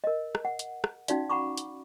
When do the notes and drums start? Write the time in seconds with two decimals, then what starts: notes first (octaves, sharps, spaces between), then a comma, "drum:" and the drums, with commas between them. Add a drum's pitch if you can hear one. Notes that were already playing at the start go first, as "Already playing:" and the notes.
0.04 A#4 D#5
0.35 drum: rim click
0.45 F#5
0.59 drum: hi-hat
0.84 drum: rim click
1.08 C#4 D#4 F#4 D5 F5, drum: hi-hat
1.30 F#5 A#5 B5 C#6 D6
1.57 drum: hi-hat